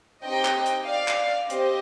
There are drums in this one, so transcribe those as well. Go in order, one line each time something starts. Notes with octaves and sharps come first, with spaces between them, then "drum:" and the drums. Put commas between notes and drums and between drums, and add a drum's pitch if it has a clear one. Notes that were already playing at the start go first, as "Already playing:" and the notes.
C4 D#4 G4 D#5 G5
drum: clap
drum: hi-hat
D5 F5
drum: clap
C4 G4 C5 D#5, drum: hi-hat